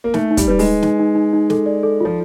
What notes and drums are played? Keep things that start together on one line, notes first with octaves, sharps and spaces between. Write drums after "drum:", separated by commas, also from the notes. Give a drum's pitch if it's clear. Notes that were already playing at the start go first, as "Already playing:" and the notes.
A#3
A3 D#4, drum: snare
D#4
G3, drum: kick, hi-hat
G3 B4
G#3, drum: open hi-hat
D#4
D#4, drum: snare
D#4
D#4
D#4
A4, drum: snare
D5
A4
F3 F4